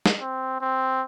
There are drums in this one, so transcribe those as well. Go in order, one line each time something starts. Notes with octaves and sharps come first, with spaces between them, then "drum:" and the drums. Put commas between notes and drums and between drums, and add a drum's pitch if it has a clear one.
drum: snare
C4
C4